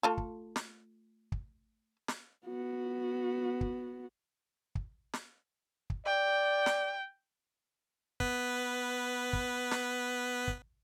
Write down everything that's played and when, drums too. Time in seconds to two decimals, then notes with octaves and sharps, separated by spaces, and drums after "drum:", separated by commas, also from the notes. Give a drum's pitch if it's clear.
0.03 A3 F4 A4
0.17 drum: kick
0.56 drum: snare
1.32 drum: kick
2.08 drum: snare
2.46 B3 F#4
3.61 drum: kick
4.75 drum: kick
5.13 drum: snare
5.90 drum: kick
6.06 D5 G5
6.66 drum: snare
8.20 B3 B4, drum: kick
9.33 drum: kick
9.71 drum: snare
10.48 drum: kick